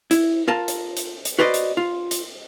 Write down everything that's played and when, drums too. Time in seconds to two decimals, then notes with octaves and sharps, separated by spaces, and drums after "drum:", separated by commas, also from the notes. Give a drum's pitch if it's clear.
0.11 E4, drum: hi-hat
0.48 F4 A#4 A5
0.68 drum: hi-hat
0.97 drum: hi-hat
1.25 drum: hi-hat
1.39 F#4 B4 C5 D5 D#5
1.54 drum: hi-hat
1.77 F4
2.11 drum: hi-hat